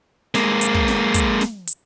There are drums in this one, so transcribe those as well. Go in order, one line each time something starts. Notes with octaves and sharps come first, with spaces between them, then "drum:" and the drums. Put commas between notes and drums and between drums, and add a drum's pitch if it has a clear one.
G#3 A#3, drum: snare
drum: hi-hat
drum: kick
drum: snare
drum: kick, hi-hat
drum: snare
drum: hi-hat